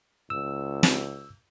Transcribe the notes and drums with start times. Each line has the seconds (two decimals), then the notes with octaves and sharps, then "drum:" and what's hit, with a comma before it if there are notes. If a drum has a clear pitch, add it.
0.30 C#2 E6
0.83 drum: snare